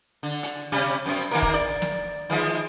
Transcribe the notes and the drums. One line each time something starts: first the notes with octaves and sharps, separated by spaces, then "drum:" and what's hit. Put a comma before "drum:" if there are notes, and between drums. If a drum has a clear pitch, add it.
D3
drum: hi-hat
C3 G3 C#4
F#2 C4
D#3 A#3 A#4
drum: kick D#1
D5
drum: snare
D#3 F3 G#3